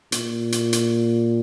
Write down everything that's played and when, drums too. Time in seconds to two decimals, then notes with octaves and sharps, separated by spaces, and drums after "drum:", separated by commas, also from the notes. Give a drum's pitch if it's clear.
0.12 A#2, drum: hi-hat
0.52 drum: hi-hat
0.73 drum: hi-hat